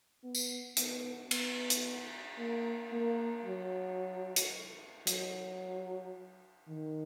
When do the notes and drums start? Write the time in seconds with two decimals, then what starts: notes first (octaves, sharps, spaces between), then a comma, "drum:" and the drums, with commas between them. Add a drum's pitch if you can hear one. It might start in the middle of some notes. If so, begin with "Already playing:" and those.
0.24 B3
0.35 drum: tambourine
0.77 B3, drum: hi-hat
1.31 B3, drum: cymbal
1.70 drum: hi-hat
2.39 A#3
2.93 A#3
3.46 F#3
4.36 drum: hi-hat
5.07 F#3, drum: hi-hat
6.68 D#3